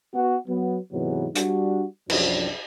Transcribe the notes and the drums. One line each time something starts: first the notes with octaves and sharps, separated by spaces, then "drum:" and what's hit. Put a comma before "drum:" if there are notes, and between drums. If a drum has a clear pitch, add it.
B3 F#4
F#3 B3
G#2 C3 E3 F#3 G#3 B3
G3 D4 F#4, drum: hi-hat
C2 F#2 F3 F#3 C4 D4, drum: cymbal